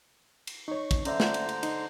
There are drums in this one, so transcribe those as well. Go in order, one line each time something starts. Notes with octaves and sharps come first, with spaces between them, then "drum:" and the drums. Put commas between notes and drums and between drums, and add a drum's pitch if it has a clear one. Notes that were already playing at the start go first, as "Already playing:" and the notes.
drum: cymbal
D#4 C#5 C#6
drum: kick, cymbal
D3 C#4 C5 D5 E5 A#5, drum: cymbal
drum: snare
drum: cymbal
drum: cymbal
D#4, drum: cymbal